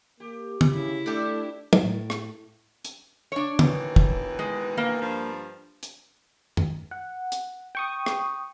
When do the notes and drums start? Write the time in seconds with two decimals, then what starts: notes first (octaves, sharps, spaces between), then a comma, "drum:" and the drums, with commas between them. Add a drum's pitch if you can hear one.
0.20 A#3 G4
0.61 drum: tom
0.74 C#3 E4
1.06 A3 D4 G4 A4
1.73 drum: tom
1.83 A2
2.10 drum: rim click
2.85 drum: hi-hat
3.32 D4 C#5
3.59 D#2 B2 E3, drum: tom
3.96 drum: kick
4.39 G#3
4.77 A#3
5.01 G2 F3
5.83 drum: hi-hat
6.57 drum: tom F#2
6.91 F#5
7.32 drum: hi-hat
7.75 G5 C#6 D#6
8.06 drum: rim click